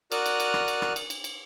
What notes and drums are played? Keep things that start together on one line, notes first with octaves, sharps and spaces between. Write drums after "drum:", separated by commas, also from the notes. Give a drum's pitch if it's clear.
F#4 A#4 D5 D#6 F6 F#6, drum: cymbal
drum: cymbal
drum: cymbal
drum: rim click
drum: cymbal
drum: rim click
drum: cymbal
drum: cymbal
drum: cymbal